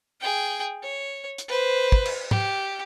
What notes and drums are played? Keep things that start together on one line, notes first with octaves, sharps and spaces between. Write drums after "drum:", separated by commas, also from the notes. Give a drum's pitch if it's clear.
G#4 G5
C#5
drum: hi-hat
B4 C5
drum: kick
drum: cymbal
G4, drum: tom G#2